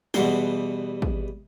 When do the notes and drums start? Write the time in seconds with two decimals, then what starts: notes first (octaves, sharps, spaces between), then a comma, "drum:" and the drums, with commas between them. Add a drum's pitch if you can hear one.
0.14 E2 B2 E3 G3 F#5 C6, drum: snare
1.02 drum: kick